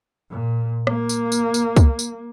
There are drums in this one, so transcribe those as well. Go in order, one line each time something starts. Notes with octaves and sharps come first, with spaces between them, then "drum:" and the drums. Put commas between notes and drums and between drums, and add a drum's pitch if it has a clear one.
A#2
A#3, drum: rim click
drum: tambourine
drum: tambourine
drum: tambourine
drum: kick, tambourine
drum: tambourine